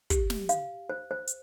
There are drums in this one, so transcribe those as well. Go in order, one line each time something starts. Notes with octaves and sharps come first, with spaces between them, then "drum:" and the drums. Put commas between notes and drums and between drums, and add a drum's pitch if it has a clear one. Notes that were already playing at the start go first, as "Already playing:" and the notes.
G4, drum: kick, hi-hat
drum: snare
F5, drum: hi-hat
C5
C5
drum: hi-hat